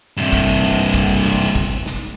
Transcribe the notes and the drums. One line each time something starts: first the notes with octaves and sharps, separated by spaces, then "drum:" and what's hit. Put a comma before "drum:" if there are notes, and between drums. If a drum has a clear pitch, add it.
G2 C3, drum: hi-hat
drum: kick, hi-hat
drum: hi-hat
drum: snare
drum: hi-hat
drum: kick, hi-hat
drum: hi-hat
drum: snare
drum: hi-hat
drum: kick, hi-hat
drum: hi-hat
drum: snare